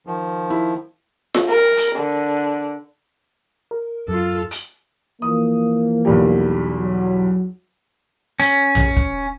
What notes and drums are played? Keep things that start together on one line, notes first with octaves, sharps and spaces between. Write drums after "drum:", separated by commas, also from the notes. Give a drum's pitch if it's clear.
D#3 F3
E4
drum: snare F4
A#4
drum: hi-hat
D3
A#4
F#2 F4 A4
drum: hi-hat
E3 F3 A#3 D#6
B1 E2 G3
F#3
C#4, drum: hi-hat
drum: tom A#1
drum: kick